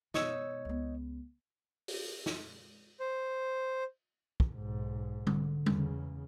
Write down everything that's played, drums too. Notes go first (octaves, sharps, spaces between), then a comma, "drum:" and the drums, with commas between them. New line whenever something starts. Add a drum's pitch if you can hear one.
B2 D#4 C#5 E6, drum: snare
C#2 B3
drum: open hi-hat
drum: snare
C5
drum: kick
B1 G#2
D3, drum: tom G3
E2 C#3, drum: tom G3